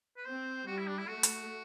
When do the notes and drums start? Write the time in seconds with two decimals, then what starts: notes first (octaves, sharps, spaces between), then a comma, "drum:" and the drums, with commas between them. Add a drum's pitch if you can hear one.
0.17 B4
0.25 C4 C5
0.67 G3 F#4
0.78 E4
0.87 D4
0.98 E4
1.08 A3 F#4
1.23 drum: hi-hat